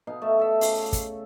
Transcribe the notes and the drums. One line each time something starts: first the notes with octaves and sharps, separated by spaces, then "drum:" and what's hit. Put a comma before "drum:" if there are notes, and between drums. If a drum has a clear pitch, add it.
B2 D#4 F5
A3 E5
A4 E5
C#3, drum: open hi-hat
drum: kick, hi-hat